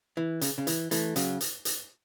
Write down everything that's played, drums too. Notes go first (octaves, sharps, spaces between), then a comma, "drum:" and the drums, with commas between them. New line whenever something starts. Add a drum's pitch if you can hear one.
E3
C#3, drum: hi-hat
C#3
E3, drum: hi-hat
E3 A3, drum: hi-hat
C#3 F#3, drum: hi-hat
drum: hi-hat
drum: hi-hat